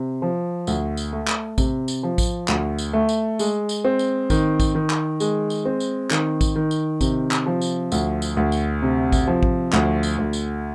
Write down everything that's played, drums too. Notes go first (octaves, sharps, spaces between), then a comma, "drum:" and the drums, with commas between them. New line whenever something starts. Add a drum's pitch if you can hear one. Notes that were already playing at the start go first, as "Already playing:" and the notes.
Already playing: C3
F3
D2, drum: tambourine
drum: tambourine
A3
drum: clap
C3, drum: kick A1, tambourine
drum: tambourine
F3
drum: kick A1, tambourine
D2, drum: clap
drum: tambourine
A3
drum: tambourine
G#3, drum: tambourine
drum: tambourine
C4
drum: tambourine
D#3, drum: kick A1, tambourine
drum: kick A1, tambourine
D#3
drum: clap
G#3, drum: tambourine
drum: tambourine
C4
drum: tambourine
D#3, drum: clap
drum: kick A1, tambourine
D#3
drum: tambourine
C3, drum: kick A1, tambourine
drum: clap
F3
drum: tambourine
D2, drum: tambourine
drum: tambourine
D2
drum: tambourine
C3
drum: kick A1, tambourine
F3
drum: kick A1
D2, drum: clap
drum: tambourine
D2
drum: tambourine